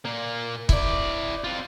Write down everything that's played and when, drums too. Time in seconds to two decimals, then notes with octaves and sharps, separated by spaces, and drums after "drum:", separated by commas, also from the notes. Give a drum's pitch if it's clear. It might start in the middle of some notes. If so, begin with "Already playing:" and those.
0.05 A#2 A#3
0.69 E4 D5, drum: kick
1.44 C4 F4